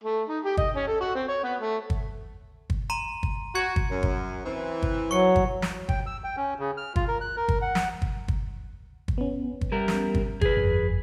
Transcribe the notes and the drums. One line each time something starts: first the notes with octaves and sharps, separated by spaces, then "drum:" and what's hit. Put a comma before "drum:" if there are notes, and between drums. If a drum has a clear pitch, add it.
A3
D#4
G4
D#5, drum: kick
C#4
A4
F#4
C4
C#5
B3
A3
drum: kick
drum: kick
A#5 C6 D#7
drum: kick
F#4 G#6 C#7
drum: kick
F#2
drum: kick
E3 C4
drum: kick
F#3 C#6 C#7
drum: kick
drum: snare
G5, drum: kick
E6
G5
C#4
C#3
F6
F4, drum: kick
A#4
F#6
A#4
drum: kick
F#5
drum: snare
drum: kick
drum: kick
drum: kick
B3 C#4
drum: kick
G3 A#4
drum: snare
drum: kick
G#4 B4, drum: kick
G1 F2